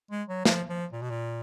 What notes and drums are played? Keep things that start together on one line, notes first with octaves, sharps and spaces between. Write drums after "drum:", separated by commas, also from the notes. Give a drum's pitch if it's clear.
G#3
F#3
F3, drum: snare
F3
A#2
B2
A#2